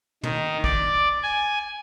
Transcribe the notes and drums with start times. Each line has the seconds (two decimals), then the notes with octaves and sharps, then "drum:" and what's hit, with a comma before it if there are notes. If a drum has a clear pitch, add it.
0.23 D#3, drum: tom
0.64 D5, drum: kick
1.23 G#5